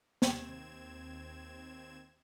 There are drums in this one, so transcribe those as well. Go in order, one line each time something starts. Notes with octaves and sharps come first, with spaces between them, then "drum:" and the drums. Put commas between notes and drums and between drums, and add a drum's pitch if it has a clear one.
D#2 C4 G#6 E7, drum: snare